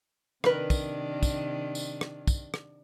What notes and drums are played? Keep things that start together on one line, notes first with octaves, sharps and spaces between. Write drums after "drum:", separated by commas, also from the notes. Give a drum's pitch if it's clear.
C3 D#3 D4 A#4 B4, drum: rim click
drum: kick, tambourine
drum: kick, tambourine
drum: tambourine
drum: rim click
drum: kick, tambourine
drum: rim click